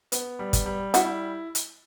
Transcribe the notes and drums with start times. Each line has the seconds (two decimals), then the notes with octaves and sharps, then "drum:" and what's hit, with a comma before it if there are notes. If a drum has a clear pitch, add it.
0.12 B3, drum: hi-hat
0.39 G3
0.53 drum: kick G1, hi-hat
0.66 G3
0.94 D4 E4 F#4, drum: hi-hat
1.55 drum: hi-hat